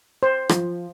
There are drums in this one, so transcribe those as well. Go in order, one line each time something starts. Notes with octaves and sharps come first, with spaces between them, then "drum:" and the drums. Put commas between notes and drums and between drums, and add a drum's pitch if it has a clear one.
C5
F3, drum: rim click